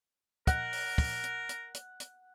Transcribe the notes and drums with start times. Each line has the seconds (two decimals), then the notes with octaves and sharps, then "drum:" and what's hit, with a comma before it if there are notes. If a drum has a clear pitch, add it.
0.47 A#4 F#5, drum: kick, hi-hat
0.73 drum: open hi-hat
0.98 drum: kick, open hi-hat
1.24 drum: hi-hat
1.49 drum: hi-hat
1.75 drum: hi-hat
2.00 drum: hi-hat